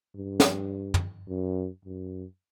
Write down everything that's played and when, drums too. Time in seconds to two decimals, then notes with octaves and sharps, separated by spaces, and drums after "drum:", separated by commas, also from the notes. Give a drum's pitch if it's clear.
0.15 G2
0.40 drum: snare
0.94 drum: tom
1.29 F#2
1.85 F#2